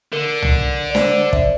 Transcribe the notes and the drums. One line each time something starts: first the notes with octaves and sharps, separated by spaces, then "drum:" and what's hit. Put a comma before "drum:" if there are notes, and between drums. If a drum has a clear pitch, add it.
D3 A#4
drum: tom
D5
C5, drum: snare
E5, drum: kick
D5